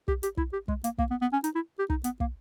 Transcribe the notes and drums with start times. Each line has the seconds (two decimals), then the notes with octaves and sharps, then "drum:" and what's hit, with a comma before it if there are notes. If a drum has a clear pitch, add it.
0.08 G4, drum: kick
0.23 G4, drum: hi-hat
0.37 E4, drum: kick
0.53 G4
0.68 G#3, drum: kick
0.84 A#3, drum: hi-hat
0.98 A#3, drum: kick
1.10 B3
1.21 B3
1.33 C#4
1.44 D#4, drum: hi-hat
1.55 E4
1.79 G4
1.90 D#4, drum: kick
2.04 B3, drum: hi-hat
2.20 A#3, drum: kick